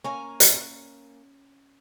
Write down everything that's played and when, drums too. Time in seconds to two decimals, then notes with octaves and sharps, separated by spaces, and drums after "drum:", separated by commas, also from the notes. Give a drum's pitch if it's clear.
0.04 A#3 C#4 G#5 A#5
0.40 drum: hi-hat